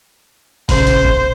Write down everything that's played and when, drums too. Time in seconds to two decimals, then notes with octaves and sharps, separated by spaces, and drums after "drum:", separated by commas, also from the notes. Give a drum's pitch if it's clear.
0.69 A#1 C#3 C5, drum: kick F#1, open hi-hat
0.87 drum: hi-hat
1.05 drum: kick F#1